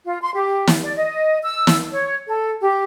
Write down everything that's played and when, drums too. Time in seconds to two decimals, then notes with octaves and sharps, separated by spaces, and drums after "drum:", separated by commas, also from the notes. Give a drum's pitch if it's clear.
0.06 F4
0.22 C6
0.34 G4
0.67 drum: snare
0.84 D5
0.96 D#5
1.43 E6
1.67 drum: snare
1.92 C#5
2.27 A4
2.61 G4